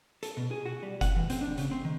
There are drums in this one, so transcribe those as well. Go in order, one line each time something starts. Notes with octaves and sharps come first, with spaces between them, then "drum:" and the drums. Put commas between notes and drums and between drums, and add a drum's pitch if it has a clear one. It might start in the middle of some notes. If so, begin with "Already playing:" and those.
A4, drum: hi-hat
B2
G#4
F#4
G3
F#5, drum: kick F#1, hi-hat
E3
C4, drum: hi-hat
D4
C#3, drum: hi-hat
C4
D#3